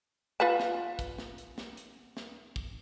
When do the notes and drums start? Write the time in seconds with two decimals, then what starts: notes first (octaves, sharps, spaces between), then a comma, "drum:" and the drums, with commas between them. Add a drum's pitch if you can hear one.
0.40 F4 B4 A5
0.60 drum: snare
0.99 drum: kick, hi-hat
1.18 drum: snare
1.38 drum: hi-hat
1.58 drum: snare
1.77 drum: hi-hat
2.17 drum: snare
2.56 drum: kick